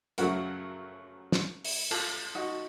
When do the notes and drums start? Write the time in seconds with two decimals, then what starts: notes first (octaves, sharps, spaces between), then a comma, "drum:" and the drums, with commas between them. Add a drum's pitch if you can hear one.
0.18 F#2 C#3 F#3 A3 F#4 A#4, drum: hi-hat
1.32 drum: snare
1.65 drum: open hi-hat
1.91 F4 A4, drum: cymbal
2.35 D#4 F#4